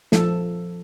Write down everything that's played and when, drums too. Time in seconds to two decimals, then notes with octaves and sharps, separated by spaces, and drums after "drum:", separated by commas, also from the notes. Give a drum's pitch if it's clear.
0.12 F3 A4, drum: snare